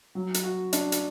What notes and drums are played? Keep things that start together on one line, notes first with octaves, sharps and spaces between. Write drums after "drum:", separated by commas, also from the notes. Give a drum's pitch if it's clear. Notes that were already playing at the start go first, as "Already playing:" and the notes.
F#3
drum: hi-hat
F#4
D4, drum: hi-hat
drum: hi-hat